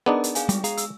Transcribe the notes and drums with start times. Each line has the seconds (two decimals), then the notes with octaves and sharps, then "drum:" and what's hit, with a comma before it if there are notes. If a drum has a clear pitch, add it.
0.06 B3 D4 D#4 G#4 A#4 D#5
0.24 drum: hi-hat
0.35 G#4 F5 G#5, drum: hi-hat
0.49 G3 G#3, drum: hi-hat
0.64 G#4 F5 A#5, drum: hi-hat
0.77 E6, drum: hi-hat